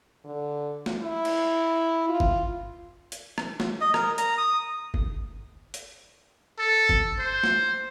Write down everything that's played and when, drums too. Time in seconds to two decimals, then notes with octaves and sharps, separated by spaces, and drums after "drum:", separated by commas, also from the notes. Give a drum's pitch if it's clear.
0.25 D3
0.86 drum: snare
1.02 E4
1.25 drum: cymbal
2.09 F4
2.20 drum: kick G1
3.12 drum: hi-hat
3.38 drum: rim click
3.60 drum: snare
3.81 D#5
3.94 A#4, drum: rim click
4.18 A#5, drum: hi-hat
4.38 D#6
4.94 drum: kick G1
5.74 drum: hi-hat
6.59 A4
6.89 drum: kick G1
7.19 C5
7.43 drum: snare